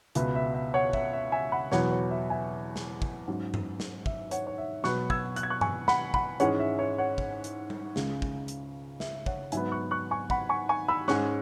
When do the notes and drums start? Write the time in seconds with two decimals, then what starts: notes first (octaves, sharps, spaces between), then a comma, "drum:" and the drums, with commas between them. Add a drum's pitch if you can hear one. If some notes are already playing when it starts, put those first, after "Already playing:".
0.15 C#2 B2 B3 E5, drum: hi-hat
0.35 E5
0.55 E5
0.74 C#5 F#5
0.93 E5, drum: kick
1.13 E5
1.32 E5 G#5
1.52 F#5 B5
1.72 E2 B2 F#3 B3 C#5 F#5, drum: snare
1.91 C#5
2.11 E5
2.30 E5 G#5
2.76 drum: snare
3.02 drum: kick
3.28 G#2 F#3 C#4
3.54 drum: tom G2
3.80 drum: snare
4.06 E5, drum: kick
4.31 C#5 F#5, drum: hi-hat
4.47 C#5
4.58 E5
4.84 B2 F#3 B3 C#6 F#6, drum: snare
5.10 E6 G#6, drum: kick
5.36 F#6, drum: hi-hat
5.43 G#6
5.50 C#6 F#6
5.61 G#5 C#6, drum: tom G2
5.88 F#5 B5, drum: snare
6.14 F#5 B5, drum: kick
6.40 G#2 E3 G#3 C#4 C#5 F#5, drum: hi-hat
6.59 E5
6.79 C#5
6.98 C#5 F#5
7.18 drum: kick
7.44 drum: hi-hat
7.70 drum: tom G3
7.96 C#2 C#3 G#3 C#4, drum: snare
8.22 drum: kick
8.48 drum: hi-hat
9.00 E5, drum: snare
9.26 C#5 F#5, drum: kick
9.52 G#2 F#3 B3 E5 G#5, drum: hi-hat
9.72 C#6 F#6
9.91 C#6 F#6
10.11 G#5 C#6
10.30 F#5 B5, drum: kick
10.49 G#5 C#6
10.69 G#5 C#6
10.88 B5 E6
11.08 G#2 G#3 C#4 C#6 F#6, drum: snare